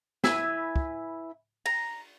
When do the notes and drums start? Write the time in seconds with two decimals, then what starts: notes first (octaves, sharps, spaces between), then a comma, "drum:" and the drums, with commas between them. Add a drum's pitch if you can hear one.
0.24 E4 B4 G#5 E6, drum: snare
0.76 drum: kick
1.66 A#5, drum: cymbal